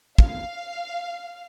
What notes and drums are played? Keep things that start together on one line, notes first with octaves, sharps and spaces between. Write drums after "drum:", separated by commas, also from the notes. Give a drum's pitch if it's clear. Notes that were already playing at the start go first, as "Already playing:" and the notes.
F5, drum: kick